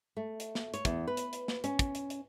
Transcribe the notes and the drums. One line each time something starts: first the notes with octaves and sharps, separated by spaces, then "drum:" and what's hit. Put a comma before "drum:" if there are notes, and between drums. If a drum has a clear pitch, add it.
A3
drum: hi-hat
drum: snare
C#5, drum: hi-hat
E2, drum: kick, hi-hat
B4
drum: hi-hat
drum: hi-hat
drum: snare
C#4, drum: hi-hat
drum: kick, hi-hat
drum: hi-hat
drum: hi-hat